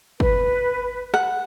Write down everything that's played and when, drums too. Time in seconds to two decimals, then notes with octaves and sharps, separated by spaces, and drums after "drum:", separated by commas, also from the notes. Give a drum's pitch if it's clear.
0.20 B4, drum: kick
1.14 F#5, drum: rim click